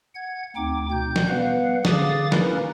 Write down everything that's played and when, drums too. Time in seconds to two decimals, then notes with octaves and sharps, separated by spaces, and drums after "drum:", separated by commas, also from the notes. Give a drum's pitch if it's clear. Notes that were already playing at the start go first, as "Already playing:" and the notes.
0.15 F#5 G#6
0.56 D2 C4 D#4 G5 D6
0.91 B2 G6
1.16 drum: snare
1.28 G3 B3 B4 F5 F#5
1.85 D3 G#4 F5 D6 D#6 A6, drum: snare
2.32 A#3 C#4 D#4 E4 A#4 B4, drum: snare